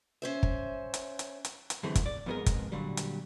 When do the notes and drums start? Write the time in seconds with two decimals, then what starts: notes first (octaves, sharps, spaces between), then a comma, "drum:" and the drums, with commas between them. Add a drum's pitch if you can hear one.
0.22 C#4 C5 E5
0.43 drum: kick
0.94 drum: hi-hat
1.19 drum: hi-hat
1.45 drum: hi-hat
1.70 drum: hi-hat
1.83 F#2 D3 E3 G#3 A3 C4
1.95 drum: kick, hi-hat
2.06 D5
2.26 F2 G#2 B3 F4 G#4 A#4
2.46 drum: kick, hi-hat
2.72 A#2 D3 F#3 G3
2.97 drum: hi-hat